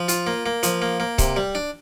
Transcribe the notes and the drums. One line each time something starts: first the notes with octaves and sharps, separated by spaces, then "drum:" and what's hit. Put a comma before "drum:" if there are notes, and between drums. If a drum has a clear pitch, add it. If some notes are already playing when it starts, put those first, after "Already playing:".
Already playing: F3
F4, drum: hi-hat
A#3
A#3
F3, drum: hi-hat
A#3
A#3
C3, drum: kick C#1, hi-hat
G3
D4